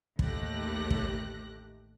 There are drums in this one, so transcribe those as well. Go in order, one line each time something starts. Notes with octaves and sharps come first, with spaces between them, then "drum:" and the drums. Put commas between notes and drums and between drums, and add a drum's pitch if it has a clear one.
A1 D#2 A3 G4 F#6 A#6, drum: kick
drum: kick